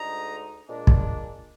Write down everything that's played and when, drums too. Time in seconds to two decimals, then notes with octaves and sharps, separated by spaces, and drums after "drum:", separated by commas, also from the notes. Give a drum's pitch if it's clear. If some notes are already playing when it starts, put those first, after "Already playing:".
Already playing: D2 D3 G#3 D#4 A#5
0.67 A#2 G#3 D4
0.87 drum: kick